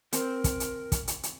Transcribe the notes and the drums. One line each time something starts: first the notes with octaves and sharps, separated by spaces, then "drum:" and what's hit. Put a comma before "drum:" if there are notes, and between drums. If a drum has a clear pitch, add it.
C4 A#4, drum: hi-hat
drum: kick, hi-hat
drum: hi-hat
drum: kick, hi-hat
drum: hi-hat
drum: hi-hat